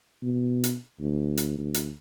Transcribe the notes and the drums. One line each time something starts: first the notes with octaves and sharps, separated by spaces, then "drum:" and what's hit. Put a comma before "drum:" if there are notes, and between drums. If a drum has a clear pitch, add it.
B2
drum: hi-hat
D2
drum: hi-hat
D2
drum: hi-hat